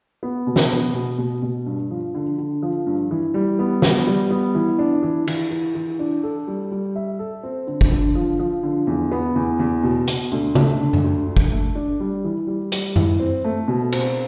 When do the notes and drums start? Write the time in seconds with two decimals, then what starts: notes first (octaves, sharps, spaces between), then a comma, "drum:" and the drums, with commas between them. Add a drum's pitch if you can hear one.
0.23 B3
0.47 B2
0.56 drum: snare
0.71 B3
0.94 B2
1.18 B2
1.42 B2
1.66 G2
1.91 F3
2.15 D3
2.38 D3
2.62 F3
2.86 G2
3.11 E3
3.34 G3
3.59 B3
3.82 B3, drum: snare
4.06 G3
4.31 B3
4.55 E3
4.79 D4
5.03 E3
5.27 E3, drum: cymbal
5.51 E3
5.75 E3
5.99 D4
6.23 A4
6.47 G3
6.71 G3
6.96 E5
7.19 A4
7.43 C4
7.67 D3
7.81 drum: kick
7.91 D3
8.15 F3
8.39 F3
8.63 D3
8.87 E2
9.12 B3
9.36 E2
9.59 E2
9.83 B2
10.07 B2, drum: hi-hat
10.31 D2
10.55 A3, drum: tom C#3
10.79 D3
10.93 drum: tom F#2
11.04 D2
11.27 D3
11.37 drum: kick
11.52 A3
11.75 D4
12.00 G3
12.24 E3
12.47 G3
12.72 G3, drum: hi-hat
12.96 E3, drum: tom F#2
13.20 C4
13.44 A3
13.68 B2
13.92 C4, drum: cymbal